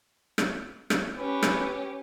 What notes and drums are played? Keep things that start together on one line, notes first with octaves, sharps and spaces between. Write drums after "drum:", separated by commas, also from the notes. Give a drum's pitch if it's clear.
drum: rim click
drum: rim click
C#4 G4 B4
drum: rim click